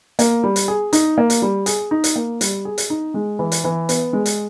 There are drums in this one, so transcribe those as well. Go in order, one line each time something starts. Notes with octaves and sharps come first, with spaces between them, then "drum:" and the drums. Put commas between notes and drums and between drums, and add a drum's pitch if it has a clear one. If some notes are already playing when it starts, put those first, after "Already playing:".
A#3, drum: hi-hat
G3
drum: hi-hat
G#4
D#4, drum: hi-hat
A#3
drum: hi-hat
G3
G#4, drum: hi-hat
D#4
drum: hi-hat
A#3
G3, drum: hi-hat
G#4
drum: hi-hat
D#4
G#3
E3
drum: hi-hat
E3
B3, drum: hi-hat
G#3
drum: hi-hat